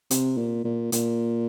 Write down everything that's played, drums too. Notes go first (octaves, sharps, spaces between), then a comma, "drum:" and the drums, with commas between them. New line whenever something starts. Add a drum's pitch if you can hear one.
C3, drum: hi-hat
A#2
A#2
A#2, drum: hi-hat